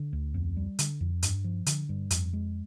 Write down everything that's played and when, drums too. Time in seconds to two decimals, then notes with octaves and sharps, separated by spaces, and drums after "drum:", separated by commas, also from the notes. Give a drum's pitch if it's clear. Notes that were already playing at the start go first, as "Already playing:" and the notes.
Already playing: D3
0.13 D2
0.34 F2
0.57 G3
0.79 D3, drum: hi-hat
1.01 F2
1.23 G2, drum: hi-hat
1.44 F3
1.66 D3, drum: hi-hat
1.89 G2
2.10 F2, drum: hi-hat
2.33 G#3